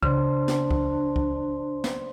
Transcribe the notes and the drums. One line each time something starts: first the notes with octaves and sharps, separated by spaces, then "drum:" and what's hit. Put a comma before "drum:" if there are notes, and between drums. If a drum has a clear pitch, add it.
C#3 D4 C5 D5 C6, drum: kick C2
drum: snare
drum: kick C2
drum: kick C2
drum: snare